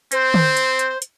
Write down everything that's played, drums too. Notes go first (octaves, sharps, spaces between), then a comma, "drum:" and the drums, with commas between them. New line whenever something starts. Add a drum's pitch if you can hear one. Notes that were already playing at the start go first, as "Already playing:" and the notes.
C4 C5, drum: hi-hat
drum: tom
drum: hi-hat
drum: hi-hat
drum: hi-hat